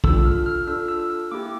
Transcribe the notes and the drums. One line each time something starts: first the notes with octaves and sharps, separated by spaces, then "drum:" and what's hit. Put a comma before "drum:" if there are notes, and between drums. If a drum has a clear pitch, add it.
D4 F4 A4 E6, drum: kick
F6
F6
D4 F4 A4 E6
E6
E6
A#3 E4 G4 D6